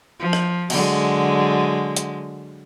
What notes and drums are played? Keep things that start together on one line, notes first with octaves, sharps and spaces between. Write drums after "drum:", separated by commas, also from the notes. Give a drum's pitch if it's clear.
F3
drum: rim click
D3 F#3 G#3, drum: cymbal
drum: hi-hat